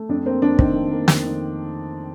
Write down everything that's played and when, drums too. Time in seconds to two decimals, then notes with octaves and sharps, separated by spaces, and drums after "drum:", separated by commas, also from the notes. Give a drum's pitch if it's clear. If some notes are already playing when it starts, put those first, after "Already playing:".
Already playing: A3
0.09 F2 D4
0.25 A#3 C4
0.42 F2 D4
0.59 D#3 C4, drum: kick
0.75 F2
0.91 A#3
1.08 F2, drum: snare
1.25 D#3